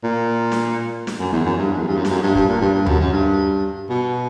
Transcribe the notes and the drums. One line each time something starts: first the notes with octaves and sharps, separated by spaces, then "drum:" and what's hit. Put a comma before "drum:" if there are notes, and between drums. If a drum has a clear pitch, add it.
A#2
drum: snare
drum: snare
F#2
E2
F#2
G2
F#2
E2
G2
F#2
G2, drum: snare
F#2
G2
G2, drum: kick
A#2
G2
G2
F#2, drum: tom D#2
F#2
G2
B2